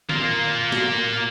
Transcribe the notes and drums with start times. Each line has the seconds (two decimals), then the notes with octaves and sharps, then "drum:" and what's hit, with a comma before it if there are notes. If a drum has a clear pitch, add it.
0.09 A#3 F4, drum: tom D3
0.72 drum: snare